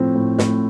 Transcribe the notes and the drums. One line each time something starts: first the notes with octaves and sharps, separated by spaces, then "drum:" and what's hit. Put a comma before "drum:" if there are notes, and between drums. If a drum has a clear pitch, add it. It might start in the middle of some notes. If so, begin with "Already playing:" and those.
Already playing: A2 F3 C4
A2
A2, drum: snare